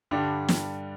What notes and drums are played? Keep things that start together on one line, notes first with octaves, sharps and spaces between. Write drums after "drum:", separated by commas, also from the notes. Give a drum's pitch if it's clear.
G2 D3 G3
drum: snare